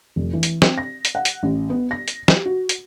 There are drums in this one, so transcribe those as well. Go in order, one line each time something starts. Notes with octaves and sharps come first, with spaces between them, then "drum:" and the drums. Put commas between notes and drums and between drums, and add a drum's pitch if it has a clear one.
F1
E3
drum: hi-hat
C4, drum: snare
A#6
drum: hi-hat
F#5
drum: hi-hat
A1
B3
A#6
drum: hi-hat
G4, drum: snare
F#4
drum: hi-hat